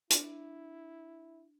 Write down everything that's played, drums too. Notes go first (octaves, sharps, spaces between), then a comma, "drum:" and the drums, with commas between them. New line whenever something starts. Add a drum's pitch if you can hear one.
D4 E4, drum: hi-hat